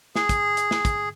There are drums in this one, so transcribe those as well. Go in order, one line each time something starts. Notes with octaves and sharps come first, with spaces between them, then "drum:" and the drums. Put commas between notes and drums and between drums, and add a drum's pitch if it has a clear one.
G#4, drum: snare
drum: kick, hi-hat
drum: hi-hat
drum: snare
drum: kick, hi-hat